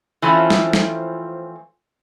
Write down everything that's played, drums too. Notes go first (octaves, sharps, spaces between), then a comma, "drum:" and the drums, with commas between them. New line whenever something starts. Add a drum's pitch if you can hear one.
E3 F3 A3 C4 C#4 F4
drum: snare
drum: snare